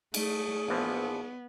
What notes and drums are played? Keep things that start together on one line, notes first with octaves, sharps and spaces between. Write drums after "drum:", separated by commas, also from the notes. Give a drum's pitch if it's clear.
A3 G#4, drum: cymbal
A#1 E3 F3 B3